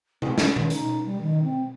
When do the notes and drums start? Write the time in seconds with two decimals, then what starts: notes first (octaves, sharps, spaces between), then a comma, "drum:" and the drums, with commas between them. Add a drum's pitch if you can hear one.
0.22 C4, drum: tom C3
0.38 C#4, drum: snare
0.56 D#3, drum: tom B2
0.70 D#4, drum: hi-hat
1.06 G3
1.21 D#3
1.43 C4